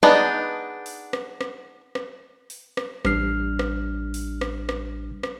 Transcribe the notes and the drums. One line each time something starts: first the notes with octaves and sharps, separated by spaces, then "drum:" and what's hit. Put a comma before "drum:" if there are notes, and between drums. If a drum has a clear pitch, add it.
B3 D4 D#4 G#4
drum: open hi-hat
drum: rim click
drum: rim click
drum: rim click
drum: open hi-hat
drum: rim click
A1 G3 D4 F6 C7, drum: rim click
drum: rim click
drum: open hi-hat
drum: rim click
drum: rim click
drum: rim click